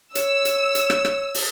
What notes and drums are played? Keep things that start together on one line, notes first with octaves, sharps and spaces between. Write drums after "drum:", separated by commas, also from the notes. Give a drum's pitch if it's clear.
C#5 E6, drum: hi-hat
drum: hi-hat
drum: hi-hat
drum: rim click
drum: rim click
drum: open hi-hat